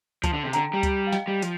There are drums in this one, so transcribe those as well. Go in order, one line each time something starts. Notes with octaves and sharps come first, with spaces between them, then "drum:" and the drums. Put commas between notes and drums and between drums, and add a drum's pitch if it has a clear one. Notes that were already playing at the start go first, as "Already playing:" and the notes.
F3 A5 C6, drum: kick C#2, hi-hat
D3
C3
D3 G5 A#5, drum: hi-hat
G3
drum: kick C#2, hi-hat
F5
D#5 G5, drum: snare
G3
F3, drum: hi-hat